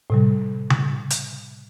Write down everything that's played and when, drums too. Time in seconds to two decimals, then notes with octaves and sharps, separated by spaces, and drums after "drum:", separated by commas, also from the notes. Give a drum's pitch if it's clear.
0.10 A2 C3 G3
0.70 drum: tom C#3
1.11 drum: hi-hat